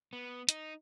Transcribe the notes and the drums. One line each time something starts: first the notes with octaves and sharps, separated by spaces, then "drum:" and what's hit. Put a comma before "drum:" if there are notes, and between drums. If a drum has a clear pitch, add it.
B3
D#4, drum: hi-hat